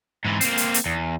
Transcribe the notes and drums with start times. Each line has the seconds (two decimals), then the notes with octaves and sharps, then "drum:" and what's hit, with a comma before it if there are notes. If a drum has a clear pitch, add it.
0.25 G#2 E3
0.41 A#3 C4, drum: hi-hat
0.57 drum: hi-hat
0.74 drum: hi-hat
0.86 E2